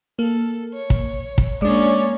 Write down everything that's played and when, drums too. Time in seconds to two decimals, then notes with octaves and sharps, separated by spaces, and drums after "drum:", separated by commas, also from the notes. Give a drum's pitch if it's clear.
0.19 A#3 A4
0.74 C#5
0.90 drum: kick
1.38 drum: kick
1.62 G#3 A#3 C#4 D4 C#5 D5